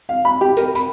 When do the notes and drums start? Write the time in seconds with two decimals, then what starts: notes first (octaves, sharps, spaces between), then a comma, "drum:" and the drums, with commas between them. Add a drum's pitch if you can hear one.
0.09 F5
0.25 B5
0.41 G4
0.57 A#4, drum: tambourine
0.75 B5, drum: tambourine